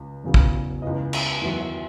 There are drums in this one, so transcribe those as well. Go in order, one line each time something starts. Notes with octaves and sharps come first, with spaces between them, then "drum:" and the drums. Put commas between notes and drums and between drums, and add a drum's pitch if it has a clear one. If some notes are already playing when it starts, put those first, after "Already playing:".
Already playing: C#2
E1 E2 C#3 F#3
drum: kick
C#2 C#3 E3 D#5
drum: cymbal
E2 D#3 F#3 E5
E5